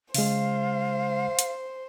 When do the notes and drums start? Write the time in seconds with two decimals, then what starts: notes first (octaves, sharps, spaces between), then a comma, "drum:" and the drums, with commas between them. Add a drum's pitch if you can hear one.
0.14 C#3 G#3 C5 F5, drum: open hi-hat
1.39 drum: hi-hat